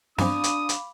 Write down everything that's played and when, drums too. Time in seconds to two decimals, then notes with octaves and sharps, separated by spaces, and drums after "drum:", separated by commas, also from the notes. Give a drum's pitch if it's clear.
0.18 G2 C4 D4 F5 B5 D6 D#6, drum: snare
0.44 drum: hi-hat
0.69 drum: hi-hat